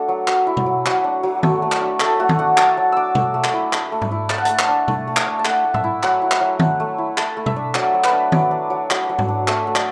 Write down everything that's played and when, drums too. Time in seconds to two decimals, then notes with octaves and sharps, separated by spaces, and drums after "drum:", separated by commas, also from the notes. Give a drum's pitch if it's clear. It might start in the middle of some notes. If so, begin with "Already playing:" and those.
Already playing: A3 D4 F#4 A4
0.08 F#3
0.28 F#3, drum: clap
0.47 E4
0.57 drum: tom B2
0.66 F#3
0.86 F#3 F#4, drum: clap
1.04 D4
1.23 F#3
1.43 A3, drum: tom D#3
1.62 A3
1.72 drum: clap
1.81 D4
2.00 A3 A4, drum: clap
2.19 A3 F#4
2.29 drum: tom D#3
2.39 D4 F#5
2.57 F#3 A5, drum: clap
2.77 F#3
2.92 D4 D6 E6
3.15 A3, drum: tom B2
3.34 A3
3.44 drum: clap
3.53 E4
3.73 A3, drum: clap
3.92 A3
4.02 drum: tom G#2
4.11 E4
4.30 A3 A5, drum: clap
4.38 F#5
4.45 A3 A5, drum: hi-hat
4.59 drum: clap
4.69 D4
4.88 A3, drum: tom B2
5.07 A3
5.16 drum: clap
5.27 D4
5.39 A5
5.45 A3 F#5, drum: clap
5.64 A3
5.74 E5, drum: tom A2
5.84 E4
6.03 F#3 F#5, drum: clap
6.22 E4
6.31 drum: clap
6.41 F#3
6.59 A3, drum: tom D#3
6.80 A3
6.98 E4
7.18 A3 A5, drum: clap
7.37 A3
7.46 E5, drum: tom B2
7.56 D4
7.75 F#3 D5, drum: clap
7.94 F#3
8.04 B4, drum: clap
8.13 D4
8.32 F#3 D5, drum: tom D#3
8.51 D4
8.70 F#3
8.90 F#3, drum: clap
9.09 F#3
9.19 drum: tom G#2
9.28 D4
9.48 A3 E5, drum: clap
9.67 A3
9.75 D5, drum: clap